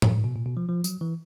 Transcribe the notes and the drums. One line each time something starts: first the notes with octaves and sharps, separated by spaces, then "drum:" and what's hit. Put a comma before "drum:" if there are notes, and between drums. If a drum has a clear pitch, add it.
G2, drum: tom A2
G#2
B2
A#2
B2
F3
F3
F#3, drum: tambourine
E3